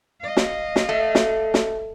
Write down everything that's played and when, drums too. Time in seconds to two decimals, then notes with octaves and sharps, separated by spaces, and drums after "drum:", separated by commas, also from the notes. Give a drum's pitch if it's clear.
0.21 D#5 F5
0.37 drum: snare
0.76 drum: snare
0.89 A3
1.15 drum: snare
1.54 drum: snare